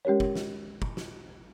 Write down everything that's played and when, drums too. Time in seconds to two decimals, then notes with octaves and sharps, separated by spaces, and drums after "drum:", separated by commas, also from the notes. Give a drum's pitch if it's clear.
0.05 G#3 C#4 G4 A#4 C#5
0.20 drum: kick
0.36 drum: snare
0.82 drum: kick
0.97 drum: snare